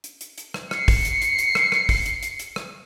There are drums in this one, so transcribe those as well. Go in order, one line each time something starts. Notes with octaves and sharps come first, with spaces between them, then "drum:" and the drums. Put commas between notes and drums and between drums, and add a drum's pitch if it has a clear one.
drum: hi-hat
drum: hi-hat
drum: hi-hat
drum: rim click
C7 C#7, drum: rim click
drum: kick, open hi-hat
drum: hi-hat
drum: hi-hat
drum: hi-hat
drum: rim click
drum: rim click
drum: kick, open hi-hat
drum: hi-hat
drum: hi-hat
drum: hi-hat
drum: rim click